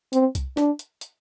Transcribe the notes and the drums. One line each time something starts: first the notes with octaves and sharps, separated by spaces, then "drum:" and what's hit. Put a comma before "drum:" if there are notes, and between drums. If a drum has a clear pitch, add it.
C4, drum: hi-hat
drum: kick C2, hi-hat
D4, drum: snare
drum: hi-hat
drum: hi-hat